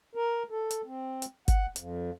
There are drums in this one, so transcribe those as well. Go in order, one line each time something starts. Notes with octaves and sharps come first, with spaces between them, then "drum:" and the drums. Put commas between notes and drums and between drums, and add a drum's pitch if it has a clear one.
A#4
A4
drum: hi-hat
C4
drum: hi-hat
F#5, drum: kick G1, hi-hat
F2, drum: hi-hat